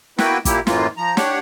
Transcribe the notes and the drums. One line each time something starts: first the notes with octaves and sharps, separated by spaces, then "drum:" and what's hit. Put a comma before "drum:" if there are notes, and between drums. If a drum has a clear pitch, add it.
A#3 B3 E4 F#4 B4 G5, drum: snare
A#2 A#3 E4 G4, drum: kick, hi-hat
F#2 A2 E3 A#3 F4, drum: snare
F3 A#5
D4 G4 C#5 F#5, drum: snare